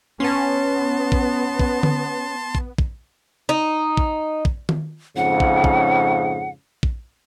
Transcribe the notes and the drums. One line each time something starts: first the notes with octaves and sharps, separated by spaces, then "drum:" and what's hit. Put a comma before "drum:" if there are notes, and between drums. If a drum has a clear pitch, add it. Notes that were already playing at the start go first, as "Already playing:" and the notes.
B3 C#4 A5 C6
drum: kick
drum: kick
drum: tom D3
drum: kick
drum: kick
D#4
drum: kick
drum: kick
drum: tom D#3
F2 G#2 C#3 F#5
drum: kick
drum: kick
drum: kick